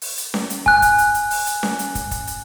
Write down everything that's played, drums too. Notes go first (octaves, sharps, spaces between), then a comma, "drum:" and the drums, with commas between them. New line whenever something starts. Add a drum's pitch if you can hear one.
drum: open hi-hat
drum: hi-hat
drum: snare C#4
drum: hi-hat
G#5 F#6, drum: kick
drum: kick, hi-hat
drum: hi-hat
drum: hi-hat
drum: open hi-hat
drum: hi-hat
drum: snare C#4
drum: hi-hat
drum: kick, hi-hat
drum: kick, hi-hat
drum: hi-hat